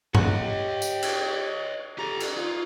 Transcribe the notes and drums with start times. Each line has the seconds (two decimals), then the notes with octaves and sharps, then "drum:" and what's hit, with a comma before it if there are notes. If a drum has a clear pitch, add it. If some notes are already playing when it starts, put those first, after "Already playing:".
0.15 C#5 D#5 F#5, drum: tom G2
0.39 G4
0.82 drum: tambourine
1.03 drum: cymbal
1.99 G4 A4 A#5
2.20 drum: cymbal
2.37 D#4 F4